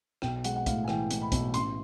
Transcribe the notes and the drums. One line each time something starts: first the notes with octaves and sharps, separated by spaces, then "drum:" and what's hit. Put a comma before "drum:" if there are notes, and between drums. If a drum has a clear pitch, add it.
B1 G5, drum: rim click
G#3 F#5, drum: hi-hat
F#5
A2 F5, drum: kick, hi-hat
G#5
E3 G5, drum: rim click
A2, drum: hi-hat
B5
B1, drum: kick, hi-hat
A1 C6, drum: hi-hat